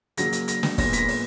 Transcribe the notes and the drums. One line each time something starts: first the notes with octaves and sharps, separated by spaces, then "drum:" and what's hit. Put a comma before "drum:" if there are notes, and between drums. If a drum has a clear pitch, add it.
C#3 F#3 A#3 A#6, drum: hi-hat
drum: hi-hat
A#6, drum: hi-hat
drum: snare
A#2 G#3 B3 A#6, drum: kick, open hi-hat
B6, drum: hi-hat
A#6
drum: open hi-hat